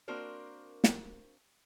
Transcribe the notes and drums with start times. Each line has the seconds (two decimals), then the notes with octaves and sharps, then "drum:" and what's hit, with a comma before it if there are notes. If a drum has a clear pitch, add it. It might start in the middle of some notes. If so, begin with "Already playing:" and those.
0.08 A#3 C4 D4 F#4 A#4 C5
0.84 drum: snare